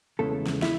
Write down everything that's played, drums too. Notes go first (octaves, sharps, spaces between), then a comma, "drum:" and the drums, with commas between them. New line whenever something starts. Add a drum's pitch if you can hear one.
E2 C#3 G#3 A3 B3 E4 A4
drum: snare
E4 E5, drum: snare